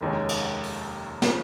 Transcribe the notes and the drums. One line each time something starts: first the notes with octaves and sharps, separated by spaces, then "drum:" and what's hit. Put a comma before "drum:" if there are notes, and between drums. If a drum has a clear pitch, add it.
F1 D#2 D#3 G#3 C#4
drum: cymbal
drum: open hi-hat
C#3 F3, drum: snare